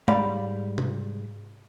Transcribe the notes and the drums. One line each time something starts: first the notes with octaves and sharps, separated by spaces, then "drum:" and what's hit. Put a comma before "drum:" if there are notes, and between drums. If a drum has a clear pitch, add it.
G#2 G3 D5 F5 B5, drum: tom G#3
drum: tom C3